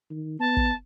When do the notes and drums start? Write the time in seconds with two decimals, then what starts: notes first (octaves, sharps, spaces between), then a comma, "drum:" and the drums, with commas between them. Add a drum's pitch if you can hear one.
0.11 D#3
0.40 B3 A5
0.57 drum: kick